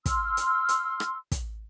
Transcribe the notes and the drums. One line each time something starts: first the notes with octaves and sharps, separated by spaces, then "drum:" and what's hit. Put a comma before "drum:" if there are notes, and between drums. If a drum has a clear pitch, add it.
C6 E6 F6, drum: kick, hi-hat
drum: hi-hat
drum: hi-hat
drum: rim click
drum: kick, hi-hat